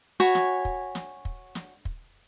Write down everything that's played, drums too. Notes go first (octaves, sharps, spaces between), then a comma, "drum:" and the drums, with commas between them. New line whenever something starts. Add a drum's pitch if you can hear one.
F#4 C#5 G#5 B5
drum: snare
drum: kick
drum: snare
drum: kick
drum: snare
drum: kick